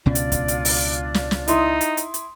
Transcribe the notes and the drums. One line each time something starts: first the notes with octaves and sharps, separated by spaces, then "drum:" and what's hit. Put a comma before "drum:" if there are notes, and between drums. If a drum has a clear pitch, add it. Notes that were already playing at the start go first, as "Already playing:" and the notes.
C#2 B2 C#4 D4 F4 D5
drum: hi-hat
drum: kick, hi-hat
drum: hi-hat
drum: open hi-hat
drum: snare
drum: snare
D#4 E4 C6 D#6, drum: hi-hat
drum: hi-hat
drum: hi-hat
drum: hi-hat